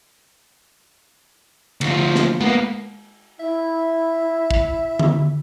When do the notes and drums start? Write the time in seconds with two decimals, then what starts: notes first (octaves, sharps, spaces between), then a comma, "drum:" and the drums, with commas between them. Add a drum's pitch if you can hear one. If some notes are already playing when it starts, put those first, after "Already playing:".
1.81 D2 F3, drum: cymbal
2.15 drum: snare
2.41 A#3 B3, drum: tom G#3
3.40 E4 E5
4.51 drum: kick
4.99 drum: tom D3